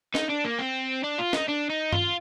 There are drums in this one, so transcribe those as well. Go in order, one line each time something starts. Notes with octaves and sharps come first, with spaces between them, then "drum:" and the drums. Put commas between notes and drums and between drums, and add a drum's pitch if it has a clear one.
D#4, drum: snare
D4
A#3
C4
D4
F4
D#4, drum: snare
D4
D#4
F4, drum: tom G2